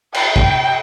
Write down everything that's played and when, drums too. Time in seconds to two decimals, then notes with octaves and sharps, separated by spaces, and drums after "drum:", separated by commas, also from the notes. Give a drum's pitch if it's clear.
0.14 G5, drum: cymbal
0.36 drum: kick